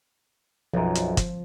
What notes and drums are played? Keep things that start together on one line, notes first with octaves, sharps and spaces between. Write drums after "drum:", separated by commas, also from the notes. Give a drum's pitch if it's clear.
B1 F#2 F3
drum: hi-hat
drum: kick, hi-hat